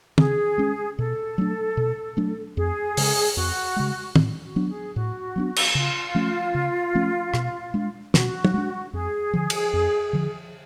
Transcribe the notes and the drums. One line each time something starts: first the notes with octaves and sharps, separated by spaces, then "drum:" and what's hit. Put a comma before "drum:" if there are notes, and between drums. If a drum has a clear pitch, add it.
C#3 G#4, drum: tom
G#3 C#4
B2 A4
F#3 A3 D4
B2
F#3 A3 D4
F2 G#4
C#3 G#3, drum: open hi-hat
F2 F#4
C#3 G#3
A2, drum: tom
F#4
F#3 B3 D4
G#4
A2 F#4
F#3 B3 D4
drum: cymbal
C#3 F4
F3 A3 C#4
C#3
F3 A3 C#4
B2, drum: rim click
G#3 D4
B2 F#4, drum: snare
drum: tom
G#3 D4
F2 G#4
D3 F3
drum: cymbal
F2
D3 F3